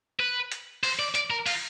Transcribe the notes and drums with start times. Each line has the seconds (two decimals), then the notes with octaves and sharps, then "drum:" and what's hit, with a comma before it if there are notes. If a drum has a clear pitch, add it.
0.20 B4
0.52 drum: hi-hat
0.83 C5, drum: open hi-hat
0.99 D5
1.15 D5, drum: hi-hat
1.30 A#4
1.46 F4, drum: open hi-hat